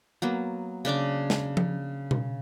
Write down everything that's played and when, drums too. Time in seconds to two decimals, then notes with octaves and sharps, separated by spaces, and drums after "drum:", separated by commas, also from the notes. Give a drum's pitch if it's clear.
0.22 F#3 A#3 B3
0.85 C#3 D4 D5 D6
1.30 drum: snare
1.57 drum: tom F3
2.11 drum: tom B2